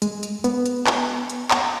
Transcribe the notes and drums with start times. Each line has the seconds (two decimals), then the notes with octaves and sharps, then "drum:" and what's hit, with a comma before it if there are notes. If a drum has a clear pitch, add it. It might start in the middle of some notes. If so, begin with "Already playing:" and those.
0.02 G#3, drum: hi-hat
0.23 drum: hi-hat
0.44 B3, drum: hi-hat
0.66 drum: hi-hat
0.87 drum: clap
1.30 drum: hi-hat
1.51 drum: clap